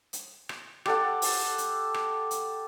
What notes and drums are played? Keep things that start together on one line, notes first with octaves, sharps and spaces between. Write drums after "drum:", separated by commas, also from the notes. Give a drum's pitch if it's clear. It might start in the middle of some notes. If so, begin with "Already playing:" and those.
drum: hi-hat
drum: rim click
G4 A4 F#5, drum: rim click
drum: open hi-hat
drum: hi-hat
drum: rim click
drum: hi-hat